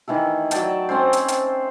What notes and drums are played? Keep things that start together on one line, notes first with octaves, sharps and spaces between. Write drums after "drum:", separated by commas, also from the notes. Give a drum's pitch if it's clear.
D#3 E3 A3 A4
F#3 D5 G5 A5, drum: hi-hat
C4 C#4 A4 C5
drum: hi-hat
drum: hi-hat